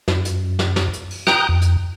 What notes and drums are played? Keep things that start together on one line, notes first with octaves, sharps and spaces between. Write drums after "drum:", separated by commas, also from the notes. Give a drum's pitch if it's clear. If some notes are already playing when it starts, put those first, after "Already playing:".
F#2, drum: snare
drum: hi-hat
drum: snare
drum: snare
drum: hi-hat
drum: open hi-hat
G5 A#5 D#6 F#6 G6, drum: snare
F2
drum: hi-hat